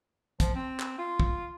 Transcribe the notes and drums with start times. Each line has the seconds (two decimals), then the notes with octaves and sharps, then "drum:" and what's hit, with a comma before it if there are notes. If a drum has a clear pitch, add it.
0.40 F3, drum: kick, hi-hat
0.55 C4
0.80 drum: clap
0.98 F4
1.20 drum: kick